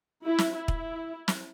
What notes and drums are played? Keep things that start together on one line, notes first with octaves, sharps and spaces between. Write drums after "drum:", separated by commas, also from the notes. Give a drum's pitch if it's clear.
E4
drum: snare
E4
drum: kick
drum: snare